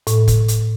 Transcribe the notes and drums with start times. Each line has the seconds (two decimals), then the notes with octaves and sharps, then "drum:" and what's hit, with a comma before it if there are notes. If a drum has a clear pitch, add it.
0.07 A2, drum: hi-hat
0.28 drum: kick F1, hi-hat
0.48 drum: hi-hat